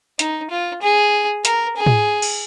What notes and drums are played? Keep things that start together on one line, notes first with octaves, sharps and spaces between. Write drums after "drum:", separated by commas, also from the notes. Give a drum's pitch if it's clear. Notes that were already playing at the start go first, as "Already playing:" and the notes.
D#4, drum: hi-hat
F4
G#4
A#4, drum: hi-hat
G#4
drum: tom
drum: cymbal